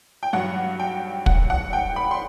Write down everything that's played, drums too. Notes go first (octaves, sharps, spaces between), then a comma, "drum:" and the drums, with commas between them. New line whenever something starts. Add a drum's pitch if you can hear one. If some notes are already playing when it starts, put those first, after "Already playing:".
G5
G2 F#3 F#5
G5
F#5, drum: kick
F#5
G5
B5
C6